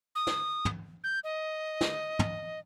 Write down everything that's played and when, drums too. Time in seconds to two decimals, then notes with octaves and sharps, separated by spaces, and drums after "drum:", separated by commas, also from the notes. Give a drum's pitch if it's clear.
0.15 D#6
0.27 drum: snare
0.65 drum: tom
1.04 G6
1.24 D#5
1.81 drum: snare
2.19 drum: tom